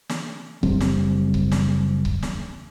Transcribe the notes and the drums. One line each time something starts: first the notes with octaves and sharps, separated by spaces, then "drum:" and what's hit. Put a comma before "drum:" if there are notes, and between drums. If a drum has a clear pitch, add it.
drum: snare
F#1 G3 C4, drum: kick C#1
drum: snare
drum: kick C#1
drum: snare
drum: kick C#1
drum: snare